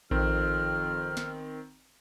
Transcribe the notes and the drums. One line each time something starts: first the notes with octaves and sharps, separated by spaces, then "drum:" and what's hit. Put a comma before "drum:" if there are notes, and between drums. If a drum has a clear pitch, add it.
F2 D#3 C4 F6, drum: kick A1
drum: snare